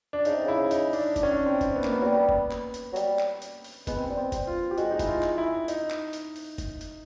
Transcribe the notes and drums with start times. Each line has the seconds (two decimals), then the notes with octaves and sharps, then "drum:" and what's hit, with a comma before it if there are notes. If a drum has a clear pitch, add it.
0.13 D4
0.25 C#3 D#4, drum: hi-hat
0.34 C3
0.44 C#3 E4
0.71 D#4, drum: hi-hat
0.93 D4, drum: open hi-hat
1.16 D4, drum: kick, hi-hat
1.23 C#4
1.32 D4
1.46 C4
1.61 drum: kick, hi-hat
1.76 B3
1.84 A#3, drum: clap
1.92 B3
2.02 F#3
2.07 G3
2.29 drum: kick
2.51 drum: clap
2.74 drum: hi-hat
2.93 F#3
2.96 G3, drum: hi-hat
3.19 drum: clap
3.42 drum: hi-hat
3.64 drum: open hi-hat
3.87 G#3 B3, drum: kick, hi-hat
3.97 C4
4.06 G3 B3
4.17 C4
4.32 G3, drum: kick, hi-hat
4.47 F4
4.71 G4
4.78 G#3 F#4, drum: hi-hat
4.91 D#4
4.99 E4, drum: kick, hi-hat
5.07 F4
5.23 drum: clap
5.38 E4
5.68 D#4, drum: hi-hat
5.90 drum: clap
6.13 drum: hi-hat
6.36 drum: open hi-hat
6.58 drum: kick, hi-hat
6.81 drum: hi-hat